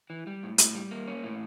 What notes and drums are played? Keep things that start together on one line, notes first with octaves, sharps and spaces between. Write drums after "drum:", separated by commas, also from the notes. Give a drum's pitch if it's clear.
E3
G3
A2
A2, drum: hi-hat
G3
A#3
C#4
A2